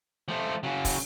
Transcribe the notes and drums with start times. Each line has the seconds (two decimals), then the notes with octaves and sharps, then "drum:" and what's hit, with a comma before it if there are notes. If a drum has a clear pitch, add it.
0.28 F3 A3
0.63 C#3 F#3
0.85 drum: kick, open hi-hat